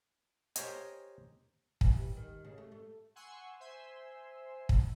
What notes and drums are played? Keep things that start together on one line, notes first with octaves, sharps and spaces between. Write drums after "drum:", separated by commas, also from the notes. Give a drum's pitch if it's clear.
G4 A#4 C5 C#5 D#5 G#5, drum: hi-hat
E3, drum: kick
G3
D#3
C#3
A3
A3
F#5 G#5 C6 C#6 E6
C5 E5 G#5 C6 E6
drum: kick